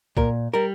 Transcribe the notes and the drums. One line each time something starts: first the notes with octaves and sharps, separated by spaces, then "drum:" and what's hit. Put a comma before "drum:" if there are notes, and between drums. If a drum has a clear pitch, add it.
A#2 A#4, drum: kick
G3 A#4